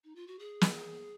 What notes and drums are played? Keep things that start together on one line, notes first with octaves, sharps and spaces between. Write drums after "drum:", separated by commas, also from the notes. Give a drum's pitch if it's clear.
D#4
F4
F#4
G#4
drum: snare